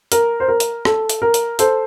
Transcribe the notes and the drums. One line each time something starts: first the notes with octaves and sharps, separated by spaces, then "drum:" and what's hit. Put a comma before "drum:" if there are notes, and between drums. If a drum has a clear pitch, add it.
A#4, drum: hi-hat
C5
A#4
drum: hi-hat
A4, drum: rim click
drum: hi-hat
A#4
drum: hi-hat
A4 C5, drum: hi-hat